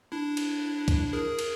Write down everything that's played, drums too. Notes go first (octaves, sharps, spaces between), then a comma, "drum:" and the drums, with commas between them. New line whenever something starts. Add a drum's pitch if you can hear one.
D4 E4
drum: cymbal
drum: kick, cymbal
G#4 A#4
drum: cymbal